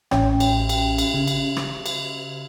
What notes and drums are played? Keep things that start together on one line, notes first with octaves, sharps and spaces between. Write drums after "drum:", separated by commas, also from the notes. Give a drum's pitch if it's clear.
A1 C#4 G5, drum: rim click
drum: cymbal
drum: cymbal
drum: cymbal
C#3
drum: cymbal
drum: rim click
drum: cymbal